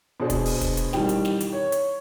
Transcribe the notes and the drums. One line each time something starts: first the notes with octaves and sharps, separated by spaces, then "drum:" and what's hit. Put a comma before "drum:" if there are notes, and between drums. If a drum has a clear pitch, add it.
B2 D4 G#4 C5
drum: kick, hi-hat
drum: open hi-hat
drum: kick, hi-hat
drum: hi-hat
A1 D#3 G3 G5, drum: snare
drum: hi-hat
drum: snare
drum: hi-hat
C#5
drum: hi-hat